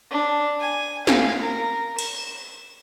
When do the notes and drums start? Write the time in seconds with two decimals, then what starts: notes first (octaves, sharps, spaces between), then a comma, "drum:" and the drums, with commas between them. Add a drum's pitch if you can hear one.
0.11 D4
0.61 G#5
1.07 F5, drum: snare
1.43 A#4
1.99 E7, drum: cymbal